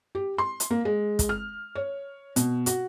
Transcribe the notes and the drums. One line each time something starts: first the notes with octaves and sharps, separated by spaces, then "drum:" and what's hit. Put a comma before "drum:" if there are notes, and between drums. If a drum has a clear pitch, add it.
G4
C6
drum: hi-hat
A#3
G#3
drum: kick, hi-hat
F6
C#5
B2, drum: hi-hat
F#4, drum: hi-hat